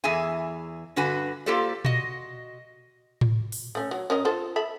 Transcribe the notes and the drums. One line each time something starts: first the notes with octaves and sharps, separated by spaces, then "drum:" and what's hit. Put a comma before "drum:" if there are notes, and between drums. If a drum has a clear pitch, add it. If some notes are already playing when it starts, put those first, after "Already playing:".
E2 E3 G#4 E5 G#5
G2 D3 F#4 B4 G#5
A#3 F4 G4 A4 C5 D5
F#4 D#5, drum: tom A#2
drum: tom A2
drum: open hi-hat
A3 C#4
F#3
C#4 A#4 D#5
F4 A4 C5
A4 E5 B5